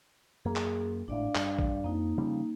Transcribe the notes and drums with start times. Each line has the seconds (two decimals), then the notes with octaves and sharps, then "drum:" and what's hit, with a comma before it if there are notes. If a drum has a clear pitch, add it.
0.45 F#2 A#3 G#4
0.56 drum: clap
1.08 G#1 A2 D4 D5 F5
1.35 G2, drum: clap
1.59 drum: kick
1.84 F2 A#3 D#4
2.18 C#3 F3 G3